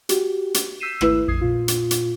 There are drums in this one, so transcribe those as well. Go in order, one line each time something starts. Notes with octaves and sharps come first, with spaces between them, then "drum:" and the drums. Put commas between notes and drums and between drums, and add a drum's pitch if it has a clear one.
F#4 G4, drum: hi-hat
drum: hi-hat
E6 G6 B6 C7 D#7 E7
G#1 A3 E4 B4 E6, drum: rim click
A#1 F2 D#6 G#6 C7
A#2 F4
drum: hi-hat
drum: hi-hat